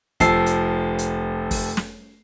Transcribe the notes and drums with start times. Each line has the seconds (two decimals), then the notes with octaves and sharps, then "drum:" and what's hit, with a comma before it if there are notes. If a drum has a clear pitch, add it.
0.20 F1 F3 A5 E6 C7, drum: kick, hi-hat
0.46 drum: hi-hat
0.99 drum: hi-hat
1.51 drum: kick, open hi-hat
1.77 drum: snare